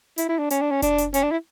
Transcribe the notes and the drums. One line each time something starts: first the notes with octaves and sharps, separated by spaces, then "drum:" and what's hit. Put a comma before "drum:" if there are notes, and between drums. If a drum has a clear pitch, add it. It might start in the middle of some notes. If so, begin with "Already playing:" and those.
E4, drum: hi-hat
E4
D4
C#4, drum: hi-hat
D4
C#4
D4, drum: kick F1, hi-hat
drum: hi-hat
C#4, drum: hi-hat
D4
E4